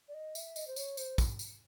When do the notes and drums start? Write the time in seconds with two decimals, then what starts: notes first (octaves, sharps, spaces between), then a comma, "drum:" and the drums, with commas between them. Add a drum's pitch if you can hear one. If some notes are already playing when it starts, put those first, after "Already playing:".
0.08 D5
0.14 D#5
0.35 E5, drum: tambourine
0.56 D#5, drum: tambourine
0.67 C5
0.76 C#5, drum: tambourine
0.97 C5, drum: tambourine
1.18 drum: kick, tambourine
1.39 drum: tambourine